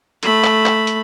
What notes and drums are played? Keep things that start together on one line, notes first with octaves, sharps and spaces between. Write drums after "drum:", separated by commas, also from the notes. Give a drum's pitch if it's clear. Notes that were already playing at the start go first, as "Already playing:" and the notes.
A3 B5, drum: hi-hat
drum: clap
drum: clap
drum: hi-hat